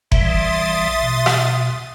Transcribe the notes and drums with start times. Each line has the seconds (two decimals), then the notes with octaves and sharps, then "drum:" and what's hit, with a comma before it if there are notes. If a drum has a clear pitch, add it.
0.12 A#1 E3 G3 E5 C6 D#6 A6, drum: kick F#1
1.03 B2
1.26 drum: rim click